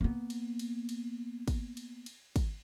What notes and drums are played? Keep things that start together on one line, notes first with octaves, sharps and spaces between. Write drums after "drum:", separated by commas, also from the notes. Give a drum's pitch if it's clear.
A#3 B3
drum: cymbal
drum: cymbal
drum: cymbal
drum: kick, cymbal
drum: cymbal
drum: cymbal
drum: kick, cymbal